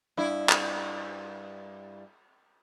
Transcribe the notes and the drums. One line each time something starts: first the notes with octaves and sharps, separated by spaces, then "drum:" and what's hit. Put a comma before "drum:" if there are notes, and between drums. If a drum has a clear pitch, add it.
G2 E4
drum: clap